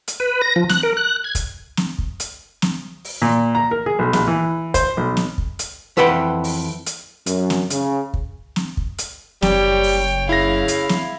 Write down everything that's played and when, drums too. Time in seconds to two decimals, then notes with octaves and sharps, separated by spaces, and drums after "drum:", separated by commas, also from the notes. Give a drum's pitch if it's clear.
0.08 drum: hi-hat
0.20 B4
0.42 A#6
0.56 F3
0.69 F#6, drum: snare
0.83 A#4
0.97 F#6
1.24 G#6
1.35 drum: kick, hi-hat
1.77 drum: snare
1.98 drum: kick
2.20 drum: hi-hat
2.62 drum: snare
3.05 drum: open hi-hat
3.22 A#2
3.55 A#5
3.71 A#4
3.86 G#4
3.99 B1
4.13 A#1, drum: snare
4.27 E3
4.74 C5, drum: kick, hi-hat
4.97 B1
5.17 drum: snare
5.38 drum: kick
5.59 drum: hi-hat
5.97 F2 E3 B4 F#5 G5 B5
6.44 drum: open hi-hat
6.86 drum: hi-hat
7.26 F#2, drum: hi-hat
7.50 drum: snare
7.70 C#3, drum: hi-hat
8.14 drum: kick
8.56 drum: snare
8.77 drum: kick
8.98 drum: hi-hat
9.42 F#1 G3 C#5 G5, drum: snare
9.83 drum: open hi-hat
10.29 C#3 E4 F5 A#6
10.68 drum: hi-hat
10.89 drum: snare